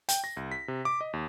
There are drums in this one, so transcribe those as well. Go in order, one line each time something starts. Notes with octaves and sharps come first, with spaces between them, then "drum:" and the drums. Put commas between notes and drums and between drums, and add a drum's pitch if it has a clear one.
G5, drum: hi-hat
A#6
C2
B6
C3
D6
D#5
D#2